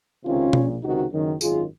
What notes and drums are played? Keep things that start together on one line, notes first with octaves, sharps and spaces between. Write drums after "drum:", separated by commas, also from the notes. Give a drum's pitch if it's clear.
C#2 C3 D#3 C#4 F4
A#1 A#2, drum: tom B2
C#2 C3 D#3 D#4 F#4
F#1 F#2 D#3
G#1 F#2 D#3 F4 G#4, drum: tambourine